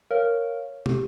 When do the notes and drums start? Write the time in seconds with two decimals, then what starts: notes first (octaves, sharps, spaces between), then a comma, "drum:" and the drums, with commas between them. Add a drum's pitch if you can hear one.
0.11 A#4 C#5 F5
0.86 G4, drum: tom